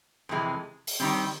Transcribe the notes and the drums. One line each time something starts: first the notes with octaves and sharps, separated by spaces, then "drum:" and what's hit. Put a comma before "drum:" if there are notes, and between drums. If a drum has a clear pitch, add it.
F2 C3 E3 G#3
drum: open hi-hat
D#3 G3 C4